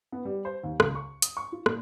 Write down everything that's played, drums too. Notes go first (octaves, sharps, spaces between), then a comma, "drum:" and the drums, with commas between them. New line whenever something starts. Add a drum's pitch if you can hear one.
B3
G3
C5
D#2
C#2, drum: rim click
C#6
D#6, drum: hi-hat
C#6
F4
A#2, drum: rim click